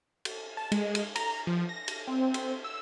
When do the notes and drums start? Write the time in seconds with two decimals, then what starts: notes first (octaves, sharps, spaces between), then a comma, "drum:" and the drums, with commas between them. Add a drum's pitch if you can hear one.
0.25 drum: cymbal
0.57 A5
0.72 G#3, drum: cymbal
0.95 drum: cymbal
1.16 A#5, drum: cymbal
1.47 F3
1.69 A#6
1.88 drum: cymbal
2.08 C4
2.34 drum: cymbal
2.64 E6